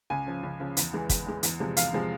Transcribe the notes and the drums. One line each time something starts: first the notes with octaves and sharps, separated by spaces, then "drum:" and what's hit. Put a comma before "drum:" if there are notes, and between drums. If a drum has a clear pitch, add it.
C#2 G#5
C#3 F3
C#2
C#3 F3
E2, drum: hi-hat
E3 G#3
E2, drum: kick, hi-hat
E3 G#3
E2, drum: hi-hat
C3 F3 G#3
E2 F5, drum: hi-hat
C3 F3 G#3